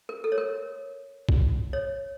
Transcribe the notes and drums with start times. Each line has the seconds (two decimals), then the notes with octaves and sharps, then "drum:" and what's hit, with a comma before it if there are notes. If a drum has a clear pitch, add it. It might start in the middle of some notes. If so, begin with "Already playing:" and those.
0.09 A#4
0.24 A4
0.32 C#5
0.38 A#4
1.29 drum: kick
1.73 C#5